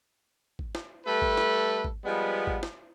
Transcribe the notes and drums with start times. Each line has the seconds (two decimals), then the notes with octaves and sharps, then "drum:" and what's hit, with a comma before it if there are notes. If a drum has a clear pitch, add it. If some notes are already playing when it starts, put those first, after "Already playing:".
0.59 drum: kick
0.75 drum: snare
1.06 G3 A3 A4 B4
1.22 drum: kick
1.37 drum: snare
1.84 drum: kick
2.04 F3 G3 G#3 B3
2.47 drum: kick
2.63 drum: snare